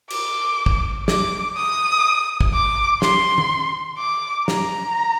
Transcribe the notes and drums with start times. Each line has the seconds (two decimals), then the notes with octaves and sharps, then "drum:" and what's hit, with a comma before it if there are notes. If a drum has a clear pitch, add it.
0.10 D6, drum: cymbal
0.66 drum: kick
1.08 D6, drum: snare
1.56 D#6
2.41 drum: kick
2.53 D6
3.02 C6, drum: snare
3.38 drum: tom D#3
3.98 D6
4.48 A#5, drum: snare